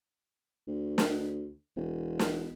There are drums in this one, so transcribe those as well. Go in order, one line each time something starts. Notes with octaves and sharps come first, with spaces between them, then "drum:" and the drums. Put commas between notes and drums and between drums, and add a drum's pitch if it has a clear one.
D2
drum: snare
E1
drum: snare